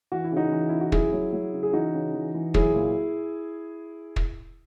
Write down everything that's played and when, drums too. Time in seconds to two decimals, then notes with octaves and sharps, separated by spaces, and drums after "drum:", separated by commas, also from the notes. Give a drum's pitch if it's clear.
0.12 E3 F#4
0.24 E4
0.32 C#3 D#4 F#4
0.52 E3
0.69 C#3 E4
0.81 F#4
0.92 F#3 E4 G#4, drum: kick
1.13 F#3
1.33 F#3
1.53 C#3
1.63 G#4
1.73 E3 D#4 F#4
1.94 C#3
2.14 E3
2.34 E3
2.54 F#3 E4 G#4, drum: kick
2.74 A#2
4.16 drum: kick